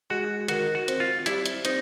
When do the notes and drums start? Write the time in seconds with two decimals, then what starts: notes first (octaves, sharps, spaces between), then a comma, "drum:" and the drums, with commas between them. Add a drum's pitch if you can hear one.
0.10 G#3 F#4
0.48 D#3 F#4, drum: hi-hat
0.75 F#4
0.88 C4, drum: hi-hat
1.00 F4
1.26 G3 E4, drum: hi-hat
1.46 drum: hi-hat
1.65 C4 D#4, drum: hi-hat